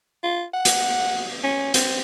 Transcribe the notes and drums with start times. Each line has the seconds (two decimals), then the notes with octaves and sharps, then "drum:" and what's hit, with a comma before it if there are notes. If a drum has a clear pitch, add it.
0.23 F4
0.53 F#5
0.65 drum: hi-hat
1.43 C#4
1.74 C4, drum: hi-hat